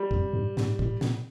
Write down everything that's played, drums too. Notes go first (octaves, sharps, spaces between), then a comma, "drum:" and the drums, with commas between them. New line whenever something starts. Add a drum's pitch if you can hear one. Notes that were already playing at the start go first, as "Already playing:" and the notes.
Already playing: G3
F2, drum: kick
G2
G#2, drum: snare
A2, drum: kick
A#2, drum: snare